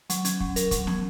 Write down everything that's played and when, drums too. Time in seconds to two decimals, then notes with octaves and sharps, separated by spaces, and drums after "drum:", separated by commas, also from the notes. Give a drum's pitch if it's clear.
0.10 F#3, drum: hi-hat
0.25 C#4, drum: hi-hat
0.40 F#3, drum: kick
0.56 A#4, drum: hi-hat
0.71 F#3, drum: kick, hi-hat
0.87 C#4, drum: snare